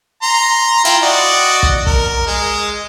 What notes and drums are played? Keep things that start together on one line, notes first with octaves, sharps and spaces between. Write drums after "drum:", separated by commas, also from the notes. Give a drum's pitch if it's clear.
A#5 C6
E4 F4 G5, drum: hi-hat
F#4 D5 D#5
drum: kick
A#4, drum: kick
G#3